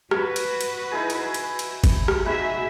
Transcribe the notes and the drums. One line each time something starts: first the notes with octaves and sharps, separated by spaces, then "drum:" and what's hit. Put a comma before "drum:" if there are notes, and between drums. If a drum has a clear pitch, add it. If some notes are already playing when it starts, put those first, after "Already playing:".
F#4 B4 C#5, drum: rim click
drum: cymbal
drum: cymbal
D#4 E4 G#4
drum: cymbal
drum: cymbal
drum: cymbal
drum: kick G1, cymbal
drum: rim click
D#4 F#4 G#4 B4 E5 G5